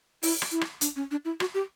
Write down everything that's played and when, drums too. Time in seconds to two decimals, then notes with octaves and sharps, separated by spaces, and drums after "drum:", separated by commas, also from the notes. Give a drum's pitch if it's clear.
0.23 E4, drum: open hi-hat
0.42 drum: rim click
0.52 E4
0.61 drum: rim click
0.81 D4, drum: hi-hat
0.96 C#4
1.11 D4
1.25 E4
1.40 F#4, drum: rim click
1.54 G4